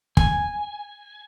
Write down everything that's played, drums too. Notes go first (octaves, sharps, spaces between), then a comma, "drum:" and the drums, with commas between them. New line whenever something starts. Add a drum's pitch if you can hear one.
G#5, drum: kick